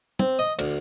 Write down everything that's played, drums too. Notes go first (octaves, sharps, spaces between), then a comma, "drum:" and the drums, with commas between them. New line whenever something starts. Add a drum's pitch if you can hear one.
C4, drum: tom
D#5
D2, drum: cymbal